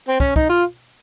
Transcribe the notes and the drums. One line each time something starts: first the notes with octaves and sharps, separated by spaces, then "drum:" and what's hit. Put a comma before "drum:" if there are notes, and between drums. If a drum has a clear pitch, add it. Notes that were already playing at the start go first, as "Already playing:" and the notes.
C4
C#4, drum: kick
D#4, drum: kick
F4